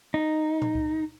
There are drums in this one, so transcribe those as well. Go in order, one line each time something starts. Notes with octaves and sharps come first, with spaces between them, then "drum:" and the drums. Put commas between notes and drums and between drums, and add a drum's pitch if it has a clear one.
D#4
drum: tom A#2
drum: kick C#2